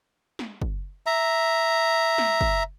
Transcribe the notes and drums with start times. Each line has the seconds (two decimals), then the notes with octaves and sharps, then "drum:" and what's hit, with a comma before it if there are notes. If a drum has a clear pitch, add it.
0.39 drum: snare
0.62 drum: kick
1.06 E5 A#5
2.18 drum: snare
2.41 drum: kick